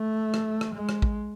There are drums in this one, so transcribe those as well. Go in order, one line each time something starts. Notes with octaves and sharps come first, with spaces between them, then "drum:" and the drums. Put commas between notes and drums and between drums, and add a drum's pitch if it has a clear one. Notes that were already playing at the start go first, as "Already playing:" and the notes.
Already playing: A3
drum: rim click
drum: rim click
G#3
drum: rim click
drum: kick A1